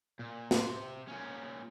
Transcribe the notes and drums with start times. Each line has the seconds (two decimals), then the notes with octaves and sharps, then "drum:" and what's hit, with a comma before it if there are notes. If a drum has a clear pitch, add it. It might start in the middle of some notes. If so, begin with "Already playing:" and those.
0.19 A#2
0.51 C3 C5, drum: snare
1.08 A#2 C#4